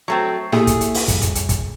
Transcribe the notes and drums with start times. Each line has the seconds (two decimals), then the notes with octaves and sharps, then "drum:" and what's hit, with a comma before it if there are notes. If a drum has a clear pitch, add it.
0.08 F#3 A3 C4 C#6 C7
0.52 A3 A#3 E4 G4 G#4, drum: snare
0.67 drum: kick, hi-hat
0.81 drum: hi-hat
0.94 drum: open hi-hat
1.08 C2 F2, drum: kick, hi-hat
1.22 drum: kick, hi-hat
1.35 drum: hi-hat
1.49 drum: kick, hi-hat